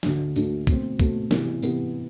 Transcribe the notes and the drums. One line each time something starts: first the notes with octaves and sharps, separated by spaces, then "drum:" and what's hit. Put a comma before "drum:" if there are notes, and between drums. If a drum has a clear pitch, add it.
D2 D3 A3 D4, drum: snare
D2 D3 A3 D4, drum: tambourine
B2 A3 C4, drum: kick, tambourine
B2 A3 C4, drum: kick, tambourine
C3 E3 B3, drum: snare
C3 E3 B3, drum: tambourine